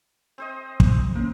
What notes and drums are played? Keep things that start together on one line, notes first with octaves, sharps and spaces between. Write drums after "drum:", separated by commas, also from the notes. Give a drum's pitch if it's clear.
C4 C5 D#5
drum: kick
A#3 C4 C#4 A#4